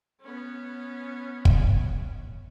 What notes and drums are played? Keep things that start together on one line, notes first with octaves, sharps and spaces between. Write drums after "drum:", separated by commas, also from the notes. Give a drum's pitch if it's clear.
B3 C#4
drum: kick